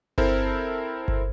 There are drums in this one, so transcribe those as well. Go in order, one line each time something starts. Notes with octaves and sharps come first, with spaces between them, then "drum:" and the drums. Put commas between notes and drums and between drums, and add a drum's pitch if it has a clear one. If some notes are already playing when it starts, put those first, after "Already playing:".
C4 E4 A4 A#4 C5, drum: kick G1
drum: kick G1